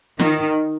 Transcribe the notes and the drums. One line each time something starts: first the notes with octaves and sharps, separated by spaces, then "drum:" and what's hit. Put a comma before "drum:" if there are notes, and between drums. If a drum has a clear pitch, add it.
D#3, drum: snare